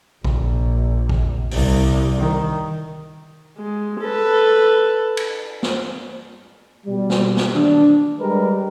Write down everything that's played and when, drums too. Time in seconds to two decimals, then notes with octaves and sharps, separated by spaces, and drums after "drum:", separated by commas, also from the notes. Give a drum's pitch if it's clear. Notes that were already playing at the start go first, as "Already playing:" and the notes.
0.25 A#1, drum: kick G#1
1.09 drum: kick G#1
1.51 C2, drum: open hi-hat
2.19 D#3
3.57 G#3
4.01 A4 B4
5.17 drum: cymbal
5.63 drum: snare
6.86 B2 G3
7.10 drum: snare
7.37 drum: snare
7.56 D4, drum: tom D#3
8.20 G3 G#3 A#4 B4